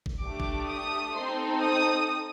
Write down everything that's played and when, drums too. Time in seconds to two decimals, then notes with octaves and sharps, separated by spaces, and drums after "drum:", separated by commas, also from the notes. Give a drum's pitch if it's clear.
0.06 drum: kick
0.23 A3 D4 G4 D6
0.40 drum: kick
0.69 D#6
1.16 C4 D#4 A4 C6
1.62 D#6